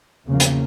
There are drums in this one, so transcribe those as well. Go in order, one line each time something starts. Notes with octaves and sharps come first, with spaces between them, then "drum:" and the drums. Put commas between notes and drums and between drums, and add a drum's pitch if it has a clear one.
E2 C#3 F3 A#3
drum: hi-hat